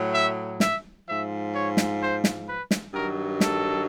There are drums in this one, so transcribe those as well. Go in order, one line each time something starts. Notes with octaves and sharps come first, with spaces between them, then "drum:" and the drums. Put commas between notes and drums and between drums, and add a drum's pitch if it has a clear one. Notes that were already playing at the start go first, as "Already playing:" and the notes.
Already playing: A2 F#3
E5
E5, drum: snare
G#2 F3 E5
C#5
drum: snare
C5
drum: snare
B4
drum: snare
G2 D#3 F#3 A#4
A4, drum: snare